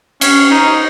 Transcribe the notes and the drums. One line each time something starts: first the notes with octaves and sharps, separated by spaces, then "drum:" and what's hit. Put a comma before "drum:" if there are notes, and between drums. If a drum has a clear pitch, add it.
C#4, drum: cymbal
D#4